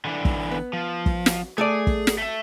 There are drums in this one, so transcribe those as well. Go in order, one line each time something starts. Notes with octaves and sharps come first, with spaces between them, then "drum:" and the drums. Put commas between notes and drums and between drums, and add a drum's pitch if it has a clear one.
D3 E3 D4
drum: kick
B3
F3
drum: kick
drum: snare
A3 G#4 A4 D5
drum: kick
drum: snare
A3 E5